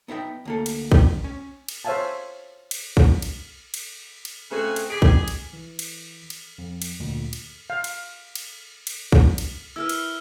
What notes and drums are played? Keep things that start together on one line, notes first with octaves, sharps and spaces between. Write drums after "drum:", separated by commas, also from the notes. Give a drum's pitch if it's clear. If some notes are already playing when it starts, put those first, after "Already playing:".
B3 D#4 E5 G5
D2 A#3 A4
drum: cymbal
drum: kick
C#4
drum: cymbal
C5 C#5 E5 F5 G#5 A5
drum: cymbal
drum: kick
drum: cymbal
drum: cymbal
drum: cymbal
C#3 A3 C4 F#4 G#4
drum: cymbal
G#4 D6 B6 D7
drum: kick
drum: cymbal
E3
drum: cymbal
drum: cymbal
F2
drum: cymbal
D2 G2 A#2
drum: cymbal
F5
drum: cymbal
drum: cymbal
drum: cymbal
drum: kick
drum: cymbal
E4 A#4 B4 E6 F6
drum: cymbal